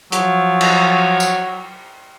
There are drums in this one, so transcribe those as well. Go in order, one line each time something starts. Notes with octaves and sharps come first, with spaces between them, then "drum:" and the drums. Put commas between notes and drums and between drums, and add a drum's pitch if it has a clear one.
F3 F#3, drum: hi-hat
drum: cymbal
drum: tambourine